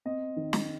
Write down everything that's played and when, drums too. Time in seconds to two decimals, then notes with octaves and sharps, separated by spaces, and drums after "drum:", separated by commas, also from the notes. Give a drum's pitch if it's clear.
0.05 C4 D#5
0.36 D#3
0.53 drum: snare